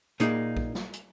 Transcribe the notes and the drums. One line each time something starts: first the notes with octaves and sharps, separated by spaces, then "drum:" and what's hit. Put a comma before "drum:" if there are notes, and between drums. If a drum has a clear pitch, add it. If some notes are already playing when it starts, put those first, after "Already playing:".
A#2 A#3 D#4 G#4, drum: hi-hat
drum: kick A#1
drum: snare
drum: hi-hat